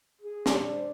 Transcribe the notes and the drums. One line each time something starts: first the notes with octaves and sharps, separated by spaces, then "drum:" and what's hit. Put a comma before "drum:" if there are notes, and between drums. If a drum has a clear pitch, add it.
G#4
D4, drum: snare
C5